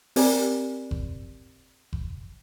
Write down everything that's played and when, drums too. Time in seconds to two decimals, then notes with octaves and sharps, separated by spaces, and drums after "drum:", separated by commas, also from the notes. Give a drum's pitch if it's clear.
0.16 C4 G4 A#4 D5 G#5, drum: open hi-hat
0.91 drum: kick F#1
1.93 drum: kick F#1